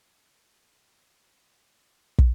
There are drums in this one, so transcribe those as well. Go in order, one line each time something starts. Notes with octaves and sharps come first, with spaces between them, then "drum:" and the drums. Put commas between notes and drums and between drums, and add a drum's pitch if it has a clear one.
B2 B3 C#4 D4
drum: kick